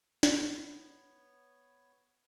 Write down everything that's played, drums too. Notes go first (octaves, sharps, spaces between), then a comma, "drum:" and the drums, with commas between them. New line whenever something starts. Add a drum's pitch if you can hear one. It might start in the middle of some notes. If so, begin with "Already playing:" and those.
B3 C#5, drum: snare